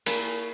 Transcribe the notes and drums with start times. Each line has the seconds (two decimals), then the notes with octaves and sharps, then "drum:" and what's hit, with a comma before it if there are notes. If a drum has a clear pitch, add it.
0.06 A#3 E4, drum: cymbal